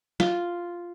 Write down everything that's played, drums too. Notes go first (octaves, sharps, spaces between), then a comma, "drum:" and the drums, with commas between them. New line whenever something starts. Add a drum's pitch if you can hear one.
F4, drum: snare